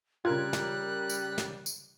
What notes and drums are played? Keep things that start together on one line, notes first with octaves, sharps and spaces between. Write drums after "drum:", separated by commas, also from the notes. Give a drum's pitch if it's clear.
C#3 G3 F4 A#4 F#6 G#6
drum: snare
drum: tambourine
drum: snare
drum: tambourine